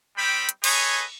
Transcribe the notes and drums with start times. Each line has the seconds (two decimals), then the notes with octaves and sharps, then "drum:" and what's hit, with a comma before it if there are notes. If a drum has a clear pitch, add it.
0.18 G3 C4 G4 G5 B5
0.49 drum: hi-hat
0.64 G#4 A4 B4 C#5 D#5, drum: cymbal